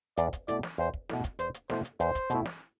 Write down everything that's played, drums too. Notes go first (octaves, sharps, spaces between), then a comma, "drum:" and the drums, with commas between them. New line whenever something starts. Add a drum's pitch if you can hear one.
E2 D5, drum: hi-hat
drum: kick, hi-hat
B2 A3 E4 D5, drum: hi-hat
drum: snare
E2 C5
drum: kick
B2 A3 E4, drum: snare
drum: kick, hi-hat
E2 C5, drum: hi-hat
drum: hi-hat
B2 A3 E4 C5, drum: snare
drum: hi-hat
E2 C5, drum: hi-hat
drum: kick, hi-hat
B2 A3 E4, drum: hi-hat
drum: snare